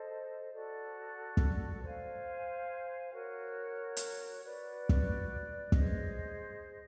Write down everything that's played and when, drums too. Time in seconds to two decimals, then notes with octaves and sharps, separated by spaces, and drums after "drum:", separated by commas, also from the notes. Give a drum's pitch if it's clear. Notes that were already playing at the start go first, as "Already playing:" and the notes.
Already playing: A4 C5 D#5
0.52 F#4 A4 D5
1.37 drum: kick
1.82 C5 F5 G#5
3.12 F#4 A#4 C#5
3.97 drum: hi-hat
4.42 F#4 B4 D5
4.89 drum: kick
5.72 G#4 C5 D#5, drum: kick